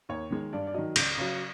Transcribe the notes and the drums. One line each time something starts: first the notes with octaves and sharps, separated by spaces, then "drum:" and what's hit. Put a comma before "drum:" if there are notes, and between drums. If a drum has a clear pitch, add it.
D#2 C#5
D#3 G#3
G2 D5
D5
D#3 F#3 D#5
C#2, drum: cymbal
C#3 F#3